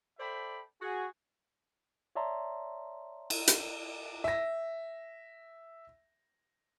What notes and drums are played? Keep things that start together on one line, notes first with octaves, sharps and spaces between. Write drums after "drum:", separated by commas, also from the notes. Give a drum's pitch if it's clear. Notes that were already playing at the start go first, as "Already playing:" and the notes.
A4 C5 D5 E5 G5 B5
F#4 G#4
C#5 D5 E5 A5 A#5 C6
drum: cymbal
drum: hi-hat
E5 A#6